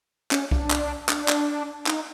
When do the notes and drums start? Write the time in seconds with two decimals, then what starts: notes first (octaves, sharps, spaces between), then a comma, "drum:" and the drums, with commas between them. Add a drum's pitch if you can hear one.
0.31 C#4, drum: clap
0.51 D4, drum: kick C2
0.71 drum: clap
1.09 D4, drum: clap
1.29 drum: clap
1.87 D#4, drum: clap